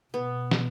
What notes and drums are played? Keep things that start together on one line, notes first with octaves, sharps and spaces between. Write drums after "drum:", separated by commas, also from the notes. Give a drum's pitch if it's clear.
B2 B3
drum: snare